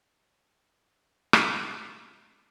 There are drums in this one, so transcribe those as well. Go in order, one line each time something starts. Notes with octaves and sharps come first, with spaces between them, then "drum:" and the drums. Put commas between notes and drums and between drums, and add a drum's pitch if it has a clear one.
A3 D#4 D#5
D#4 F#4 G4
G1 A2 F4 G#4 D#5
drum: rim click
A#3 D#5